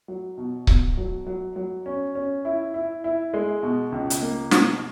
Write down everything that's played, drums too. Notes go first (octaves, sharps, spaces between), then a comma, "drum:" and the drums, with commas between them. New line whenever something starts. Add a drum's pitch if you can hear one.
F#3
B2
B2, drum: kick C#1
F#3
F#3
F#3
C#4
C#4
E4
E4
E4
G#3
B2
C#2
drum: hi-hat
A#3
B2, drum: snare